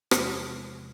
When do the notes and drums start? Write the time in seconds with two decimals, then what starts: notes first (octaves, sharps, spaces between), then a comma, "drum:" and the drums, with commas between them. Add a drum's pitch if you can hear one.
0.11 E2 C3 F3 G#3, drum: rim click